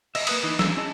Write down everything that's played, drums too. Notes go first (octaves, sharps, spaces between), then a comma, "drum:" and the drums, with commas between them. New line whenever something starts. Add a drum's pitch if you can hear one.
D#5 E5, drum: cymbal
A#3 B4 D#6, drum: cymbal
E3 D#4
E6, drum: snare
C#4 E4 G#4 D#5 A5